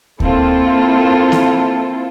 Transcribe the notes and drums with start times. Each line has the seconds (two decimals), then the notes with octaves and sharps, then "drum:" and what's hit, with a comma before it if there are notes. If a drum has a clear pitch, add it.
0.20 A#3 C4 E4 F4 A4, drum: kick D2
1.32 drum: snare A#3